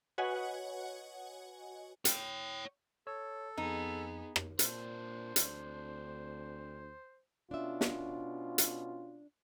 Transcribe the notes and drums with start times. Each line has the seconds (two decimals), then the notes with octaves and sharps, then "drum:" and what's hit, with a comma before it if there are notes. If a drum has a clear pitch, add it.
0.18 F#4 B4 C#5 D#5 F#5 G#5
2.05 C#5 G5, drum: hi-hat
3.07 A4 C#5 E6
3.58 F2 B3 D#4 G#4
4.36 drum: rim click
4.59 A#2 C4 D4 C5, drum: hi-hat
5.36 D2, drum: hi-hat
7.51 B2 C#4 D4 F4 E5
7.81 drum: snare
8.58 drum: hi-hat